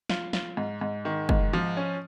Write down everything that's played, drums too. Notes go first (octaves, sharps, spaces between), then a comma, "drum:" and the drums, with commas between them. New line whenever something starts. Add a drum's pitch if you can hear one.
F4, drum: snare
F4, drum: snare
G#2
G#2
D#3
G#2, drum: kick
F3
C#4